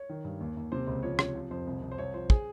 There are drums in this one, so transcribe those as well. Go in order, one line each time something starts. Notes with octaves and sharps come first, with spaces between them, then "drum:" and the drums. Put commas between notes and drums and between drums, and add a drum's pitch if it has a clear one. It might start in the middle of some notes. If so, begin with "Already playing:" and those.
Already playing: C#5
D#3
G2
D#2
D#2
C3 C5
C#2 C5
F3 C#5
C3 C#5, drum: rim click
F3
F2 C5
C2
C2
C5
C2 C#5
F3 C5
G#4, drum: kick